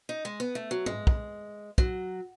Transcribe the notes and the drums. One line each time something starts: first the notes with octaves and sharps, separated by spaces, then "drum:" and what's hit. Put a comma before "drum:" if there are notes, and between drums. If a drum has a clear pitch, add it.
D#4
G#3
B3
A3
F#3
G#3, drum: tom
drum: kick
F#3, drum: kick